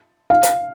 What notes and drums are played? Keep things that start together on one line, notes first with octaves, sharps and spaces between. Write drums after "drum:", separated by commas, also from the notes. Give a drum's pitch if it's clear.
F5
drum: hi-hat